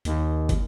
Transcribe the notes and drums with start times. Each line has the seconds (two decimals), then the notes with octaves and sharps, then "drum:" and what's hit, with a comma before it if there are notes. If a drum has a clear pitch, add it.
0.05 D#2, drum: hi-hat
0.49 drum: kick, hi-hat